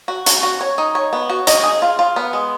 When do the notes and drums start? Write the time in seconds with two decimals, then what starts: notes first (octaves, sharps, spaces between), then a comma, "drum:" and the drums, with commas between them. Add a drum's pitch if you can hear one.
0.08 F#4
0.26 F#4, drum: hi-hat
0.43 F#4
0.61 C#5
0.78 D#4
0.95 C#5
1.13 B3
1.29 F#4
1.47 D#5, drum: hi-hat
1.64 G#4
1.82 F4
1.99 F4
2.16 B3
2.33 G#3